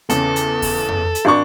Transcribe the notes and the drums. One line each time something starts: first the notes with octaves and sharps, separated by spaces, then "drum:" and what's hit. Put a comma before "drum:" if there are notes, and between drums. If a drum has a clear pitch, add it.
E2 C#3 A4, drum: hi-hat
drum: hi-hat
drum: kick D#2, open hi-hat
drum: tom F2
drum: hi-hat
G#1 D4 C#6